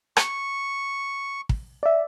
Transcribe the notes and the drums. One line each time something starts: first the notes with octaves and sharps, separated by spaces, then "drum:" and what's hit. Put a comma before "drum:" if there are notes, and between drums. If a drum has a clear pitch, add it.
C#6, drum: rim click
drum: kick
D5 E5